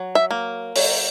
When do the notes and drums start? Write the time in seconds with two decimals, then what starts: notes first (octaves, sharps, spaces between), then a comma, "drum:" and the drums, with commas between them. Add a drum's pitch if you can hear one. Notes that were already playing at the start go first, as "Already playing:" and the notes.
Already playing: F#3
0.15 E5
0.31 A#3
0.76 F#3, drum: open hi-hat